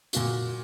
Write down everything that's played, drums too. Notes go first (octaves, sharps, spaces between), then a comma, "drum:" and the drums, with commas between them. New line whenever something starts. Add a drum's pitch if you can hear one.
A#2 A#3 F#4, drum: hi-hat